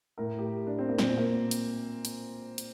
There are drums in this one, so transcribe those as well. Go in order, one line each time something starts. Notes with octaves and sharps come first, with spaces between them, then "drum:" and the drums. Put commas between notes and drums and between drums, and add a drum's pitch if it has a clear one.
A2 A#4
G4
D4
C4
A#3
A#2 C4, drum: snare
A#3
drum: hi-hat
drum: hi-hat
drum: hi-hat